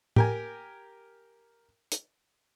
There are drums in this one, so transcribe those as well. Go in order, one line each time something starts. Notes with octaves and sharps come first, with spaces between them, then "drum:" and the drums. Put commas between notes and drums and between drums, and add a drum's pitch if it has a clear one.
G4 A#4 G#5, drum: tom A2
drum: hi-hat